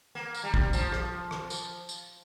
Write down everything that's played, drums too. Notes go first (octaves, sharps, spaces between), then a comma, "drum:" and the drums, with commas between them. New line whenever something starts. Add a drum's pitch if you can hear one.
A#3
drum: tambourine
G3
drum: kick
F3, drum: tambourine
drum: rim click
drum: rim click
drum: tambourine
drum: tambourine